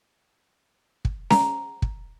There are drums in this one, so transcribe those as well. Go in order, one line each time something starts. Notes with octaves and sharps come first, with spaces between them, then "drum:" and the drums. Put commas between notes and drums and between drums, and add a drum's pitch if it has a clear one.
drum: kick
A#5, drum: snare C#4
drum: kick